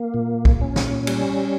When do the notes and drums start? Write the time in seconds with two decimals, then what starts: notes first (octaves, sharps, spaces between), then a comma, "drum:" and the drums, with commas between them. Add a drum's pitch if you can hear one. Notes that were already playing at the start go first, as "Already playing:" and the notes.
Already playing: A#3
0.14 A#2
0.45 drum: kick
0.61 C#4
0.76 drum: snare
1.07 G3, drum: cymbal